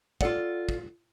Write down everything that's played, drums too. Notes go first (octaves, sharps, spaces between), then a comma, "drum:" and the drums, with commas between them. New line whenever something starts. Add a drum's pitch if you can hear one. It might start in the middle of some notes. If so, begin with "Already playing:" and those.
F4 G#4 A4 D5 F#5, drum: kick
drum: kick